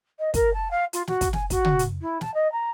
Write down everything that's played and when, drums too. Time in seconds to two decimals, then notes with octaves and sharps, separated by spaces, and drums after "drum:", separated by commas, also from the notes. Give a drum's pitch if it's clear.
0.19 D#5
0.34 A#4, drum: kick, hi-hat
0.53 A5
0.70 F5
0.93 F4, drum: hi-hat
1.07 F#4, drum: snare
1.21 drum: kick, hi-hat
1.33 G#5, drum: snare
1.50 F#4, drum: kick, hi-hat
1.65 drum: tom
1.79 drum: hi-hat
2.01 E4
2.21 A5, drum: snare
2.34 D#5
2.52 A#5